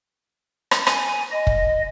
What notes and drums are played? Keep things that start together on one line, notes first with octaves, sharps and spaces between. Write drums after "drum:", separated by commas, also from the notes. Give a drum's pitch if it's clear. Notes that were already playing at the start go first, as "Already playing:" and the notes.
drum: rim click
G#5, drum: rim click
D#5
drum: kick